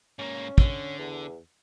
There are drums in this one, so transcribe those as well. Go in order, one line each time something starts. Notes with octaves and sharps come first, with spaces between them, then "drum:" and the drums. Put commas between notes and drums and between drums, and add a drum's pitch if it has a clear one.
G#2 A#3 C#4
D3, drum: kick
E2